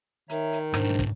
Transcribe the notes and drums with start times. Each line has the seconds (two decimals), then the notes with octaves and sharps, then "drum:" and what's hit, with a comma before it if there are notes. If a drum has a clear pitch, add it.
0.29 D#3 C#5 E5 A#5, drum: hi-hat
0.53 drum: hi-hat
0.74 B1 G#2 D4 C5, drum: rim click
0.99 drum: kick, hi-hat